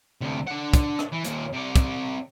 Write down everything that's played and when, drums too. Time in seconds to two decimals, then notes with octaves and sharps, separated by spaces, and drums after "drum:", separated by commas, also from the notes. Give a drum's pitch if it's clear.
0.21 D2 C3
0.47 D4 F#5
0.74 drum: kick, hi-hat
0.99 drum: rim click
1.12 E3
1.25 D#2 A#2, drum: hi-hat
1.53 C3 D5
1.76 drum: kick, hi-hat